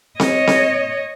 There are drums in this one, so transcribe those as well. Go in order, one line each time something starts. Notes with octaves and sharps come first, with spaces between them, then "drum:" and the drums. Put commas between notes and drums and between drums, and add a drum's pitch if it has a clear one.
C#5 D#5, drum: snare C4
drum: snare C4